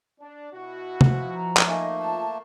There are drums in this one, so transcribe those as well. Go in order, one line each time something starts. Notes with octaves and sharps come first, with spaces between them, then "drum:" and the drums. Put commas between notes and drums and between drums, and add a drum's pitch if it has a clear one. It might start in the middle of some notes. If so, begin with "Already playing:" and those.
D4
B2 E4 F#4
F3, drum: tom C3
A#5
drum: clap
A3 A#3 D#4 D#5 G#5
A5